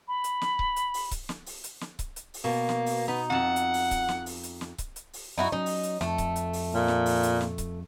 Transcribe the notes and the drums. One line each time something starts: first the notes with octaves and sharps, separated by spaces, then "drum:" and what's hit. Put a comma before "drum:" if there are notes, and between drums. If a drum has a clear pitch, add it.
B5
drum: hi-hat
drum: snare
drum: kick C#1
drum: hi-hat
drum: open hi-hat
drum: kick C#1, hi-hat
drum: snare
drum: open hi-hat
drum: hi-hat
drum: snare
drum: kick C#1, hi-hat
drum: hi-hat
drum: open hi-hat
B2 A#3
drum: snare
drum: open hi-hat
B3 D#4
F2 F#5 A5
drum: hi-hat
drum: open hi-hat
drum: kick C#1, hi-hat
drum: snare
drum: open hi-hat
drum: hi-hat
drum: snare
drum: kick C#1, hi-hat
drum: hi-hat
drum: open hi-hat
F#2 D#4 E4 F#4
F#3 C#4 D#4
drum: open hi-hat
drum: hi-hat
F2 A3, drum: snare
drum: kick C#1, hi-hat
drum: hi-hat
drum: open hi-hat
A#2
drum: snare
drum: open hi-hat
drum: hi-hat
drum: snare
drum: kick C#1, hi-hat